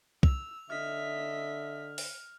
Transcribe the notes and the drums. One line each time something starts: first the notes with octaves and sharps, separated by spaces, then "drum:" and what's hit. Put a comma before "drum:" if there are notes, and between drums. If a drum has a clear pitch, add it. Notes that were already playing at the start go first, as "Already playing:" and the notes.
E6 F7, drum: kick
D3 D#5 E5 F6 B6
drum: open hi-hat